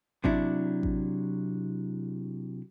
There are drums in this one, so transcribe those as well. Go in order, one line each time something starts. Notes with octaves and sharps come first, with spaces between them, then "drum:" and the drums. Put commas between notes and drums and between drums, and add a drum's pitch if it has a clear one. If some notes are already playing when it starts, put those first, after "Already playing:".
C3 F#3 D4 E4, drum: kick A1
drum: kick A1